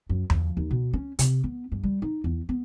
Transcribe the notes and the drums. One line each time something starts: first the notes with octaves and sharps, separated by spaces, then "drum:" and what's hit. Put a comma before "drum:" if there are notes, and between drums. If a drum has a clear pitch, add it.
F#2
F3, drum: tom E2
D#2
B2
C#4
C3, drum: hi-hat
B3
G2
G3
D#4
E2
B3